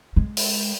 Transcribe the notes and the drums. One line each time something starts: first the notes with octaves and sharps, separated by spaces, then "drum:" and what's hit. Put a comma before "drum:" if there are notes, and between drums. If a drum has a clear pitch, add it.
G#3
drum: open hi-hat